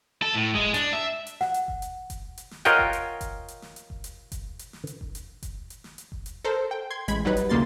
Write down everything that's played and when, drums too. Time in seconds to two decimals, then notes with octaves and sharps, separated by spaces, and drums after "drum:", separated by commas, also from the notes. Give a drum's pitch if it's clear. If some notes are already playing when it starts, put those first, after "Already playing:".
0.22 A4
0.35 A2
0.55 G#3, drum: kick F#1
0.74 D4, drum: hi-hat
0.93 E5
1.27 drum: hi-hat
1.41 F#5, drum: snare
1.54 drum: hi-hat
1.68 drum: kick F#1
1.82 drum: hi-hat
2.10 drum: kick F#1, hi-hat
2.37 drum: hi-hat
2.51 drum: snare
2.65 F4 A#4 C#5 D#5 F#5 G5, drum: hi-hat
2.79 drum: kick F#1
2.93 drum: hi-hat
3.21 drum: kick F#1, hi-hat
3.48 drum: hi-hat
3.62 drum: snare
3.76 drum: hi-hat
3.90 drum: kick F#1
4.04 drum: hi-hat
4.32 drum: kick F#1, hi-hat
4.59 drum: hi-hat
4.73 drum: snare
4.87 drum: hi-hat
5.01 drum: kick F#1
5.15 drum: hi-hat
5.43 drum: kick F#1, hi-hat
5.70 drum: hi-hat
5.84 drum: snare
5.98 drum: hi-hat
6.12 drum: kick F#1
6.26 drum: hi-hat
6.45 A4 A#4 C5
6.71 G5
6.90 C6 G#6
7.08 A1 G#3 B5 G#6, drum: hi-hat
7.25 F#3 G3 D#4 B4, drum: kick F#1
7.37 drum: hi-hat
7.49 D2 C#3 A#3 C6 A6